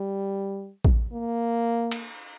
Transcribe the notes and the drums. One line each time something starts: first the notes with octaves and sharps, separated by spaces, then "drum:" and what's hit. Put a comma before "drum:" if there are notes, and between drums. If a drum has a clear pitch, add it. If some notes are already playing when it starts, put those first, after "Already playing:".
Already playing: G3
drum: kick A1
A#3
drum: cymbal